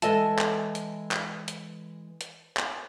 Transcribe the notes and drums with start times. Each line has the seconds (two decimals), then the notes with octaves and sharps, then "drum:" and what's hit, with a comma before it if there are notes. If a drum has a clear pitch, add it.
0.02 E3 G#3 A4 D#5 E5 A5, drum: hi-hat
0.39 drum: clap
0.75 drum: hi-hat
1.11 drum: clap
1.48 drum: hi-hat
2.21 drum: hi-hat
2.57 drum: clap